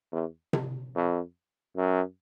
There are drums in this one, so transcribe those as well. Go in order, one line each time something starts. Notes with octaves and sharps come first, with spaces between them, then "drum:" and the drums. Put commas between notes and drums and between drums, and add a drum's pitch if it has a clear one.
E2
drum: tom C3
F2
F#2